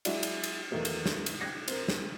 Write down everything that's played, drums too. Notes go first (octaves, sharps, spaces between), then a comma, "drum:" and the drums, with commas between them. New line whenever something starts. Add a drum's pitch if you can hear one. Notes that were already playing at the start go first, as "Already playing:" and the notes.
F#3 G#3 D4 E4 F#4 D5, drum: cymbal
drum: cymbal
drum: cymbal
E2 D#3 F#3 A3 A#3
drum: cymbal
drum: snare
drum: cymbal
G5 F#6 G#6 A#6 C7 C#7
C4 A#4, drum: cymbal
drum: snare